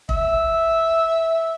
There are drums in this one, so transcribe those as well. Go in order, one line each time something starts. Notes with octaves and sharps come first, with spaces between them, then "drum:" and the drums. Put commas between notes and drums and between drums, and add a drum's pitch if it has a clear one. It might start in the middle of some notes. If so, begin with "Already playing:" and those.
E5, drum: kick